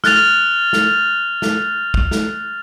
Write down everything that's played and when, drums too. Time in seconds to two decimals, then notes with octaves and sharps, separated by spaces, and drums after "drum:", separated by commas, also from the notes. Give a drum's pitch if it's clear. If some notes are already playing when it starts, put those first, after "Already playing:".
0.04 F6 F#6 A6 F7, drum: snare
0.73 drum: snare
1.42 drum: snare
1.94 drum: kick
2.11 drum: snare